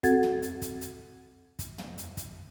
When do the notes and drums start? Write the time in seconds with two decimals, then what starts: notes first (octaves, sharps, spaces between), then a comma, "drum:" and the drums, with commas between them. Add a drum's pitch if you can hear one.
0.03 C4 F#4 A4 F#5 G#6 A6, drum: kick, hi-hat
0.23 drum: tom
0.42 drum: hi-hat
0.62 drum: kick, hi-hat
0.81 drum: hi-hat
1.59 drum: kick, hi-hat
1.78 drum: tom
1.98 drum: hi-hat
2.17 drum: kick, hi-hat